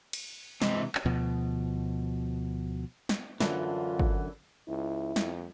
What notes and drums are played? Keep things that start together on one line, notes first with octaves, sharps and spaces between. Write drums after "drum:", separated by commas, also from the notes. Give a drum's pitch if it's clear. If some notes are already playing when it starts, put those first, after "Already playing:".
drum: cymbal
C3 E3 G#3, drum: snare
drum: clap
D2 B2 F3
drum: snare
F#2 D3 E3 D4 F4, drum: snare
drum: kick
C#2 E4
F2, drum: snare